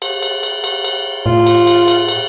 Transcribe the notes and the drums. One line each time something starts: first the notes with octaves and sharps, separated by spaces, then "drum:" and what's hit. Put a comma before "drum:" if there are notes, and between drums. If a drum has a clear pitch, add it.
drum: cymbal
drum: cymbal
drum: cymbal
drum: cymbal
drum: cymbal
A2 F4
drum: cymbal
drum: cymbal
drum: cymbal
drum: cymbal